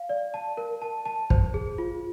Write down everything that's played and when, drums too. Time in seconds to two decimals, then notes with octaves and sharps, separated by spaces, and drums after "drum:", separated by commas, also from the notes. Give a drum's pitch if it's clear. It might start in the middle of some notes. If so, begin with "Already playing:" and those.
Already playing: F5
0.09 D5
0.34 A5
0.57 A#4
0.82 A5
1.05 A5
1.30 C5, drum: kick
1.54 G#4
1.78 F4